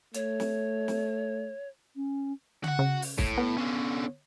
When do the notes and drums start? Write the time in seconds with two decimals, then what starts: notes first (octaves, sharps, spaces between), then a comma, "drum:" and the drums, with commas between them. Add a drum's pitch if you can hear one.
0.14 A3 C#5, drum: hi-hat
0.40 drum: snare
0.88 drum: snare
1.96 C#4
2.64 F#4 F#5, drum: tom C#3
2.79 C#3
3.02 drum: open hi-hat
3.18 A2, drum: kick
3.38 B3
3.58 D3 C#4